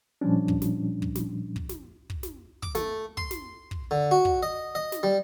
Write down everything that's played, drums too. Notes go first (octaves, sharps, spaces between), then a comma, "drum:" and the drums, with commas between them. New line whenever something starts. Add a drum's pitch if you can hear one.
A#2 F3 G3 C#4 D4
drum: kick
drum: snare
drum: kick
drum: snare
drum: kick
drum: snare
drum: kick
drum: snare
D6, drum: kick
A3, drum: snare
C6, drum: kick
drum: snare
drum: kick
D3
F#4
drum: kick
D#5
D#5
drum: snare
G3